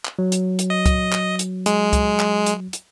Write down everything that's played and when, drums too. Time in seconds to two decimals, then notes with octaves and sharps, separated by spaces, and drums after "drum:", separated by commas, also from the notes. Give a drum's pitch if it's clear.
0.05 drum: clap
0.19 F#3
0.32 drum: hi-hat
0.59 drum: hi-hat
0.70 D#5
0.86 drum: kick C#2, hi-hat
1.12 drum: clap
1.39 drum: hi-hat
1.66 G#3, drum: hi-hat
1.93 drum: kick C#2, hi-hat
2.20 drum: clap
2.46 drum: hi-hat
2.73 drum: hi-hat